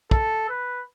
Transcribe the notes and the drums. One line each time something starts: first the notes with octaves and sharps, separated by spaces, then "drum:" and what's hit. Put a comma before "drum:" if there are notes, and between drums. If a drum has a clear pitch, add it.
A4, drum: kick
B4